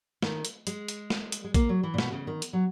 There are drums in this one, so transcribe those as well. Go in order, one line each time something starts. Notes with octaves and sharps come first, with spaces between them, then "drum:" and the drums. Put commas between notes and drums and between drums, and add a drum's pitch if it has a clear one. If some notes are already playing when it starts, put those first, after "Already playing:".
D#3, drum: snare
drum: hi-hat
G#3, drum: hi-hat
drum: hi-hat
drum: snare
drum: hi-hat
G#3
A#3, drum: kick A#1, hi-hat
F#3
E3
A#2
B2, drum: snare
C#3
D#3
drum: hi-hat
F#3